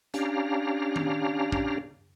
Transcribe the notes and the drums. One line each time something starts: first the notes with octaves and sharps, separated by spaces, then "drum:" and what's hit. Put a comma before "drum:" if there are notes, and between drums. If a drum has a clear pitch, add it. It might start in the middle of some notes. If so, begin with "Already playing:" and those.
C#4 D4 G4 F5 A#5, drum: hi-hat
drum: tom D#3
drum: kick